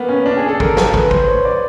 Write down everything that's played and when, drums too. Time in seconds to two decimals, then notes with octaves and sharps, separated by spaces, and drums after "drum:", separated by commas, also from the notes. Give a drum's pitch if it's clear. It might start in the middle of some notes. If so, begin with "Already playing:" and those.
Already playing: A#3 B3
0.09 C#4
0.26 D4
0.37 G#4
0.48 A4
0.60 A#4, drum: kick
0.77 drum: snare
0.94 B4, drum: kick
1.11 C5, drum: kick
1.28 C#5
1.45 D5